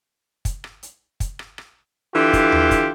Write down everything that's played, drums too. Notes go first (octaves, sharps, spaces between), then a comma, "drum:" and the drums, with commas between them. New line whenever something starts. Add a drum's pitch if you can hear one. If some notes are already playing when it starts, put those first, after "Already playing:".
drum: kick, hi-hat
drum: rim click
drum: hi-hat
drum: kick, hi-hat
drum: rim click
drum: rim click
D3 E3 F4 G4
drum: kick, hi-hat
drum: tom D#2
drum: kick, hi-hat